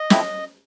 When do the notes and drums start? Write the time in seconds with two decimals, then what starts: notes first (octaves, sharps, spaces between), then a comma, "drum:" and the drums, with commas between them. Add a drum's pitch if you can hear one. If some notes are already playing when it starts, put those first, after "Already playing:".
Already playing: D#5
0.10 F3 A3 C4 E4, drum: snare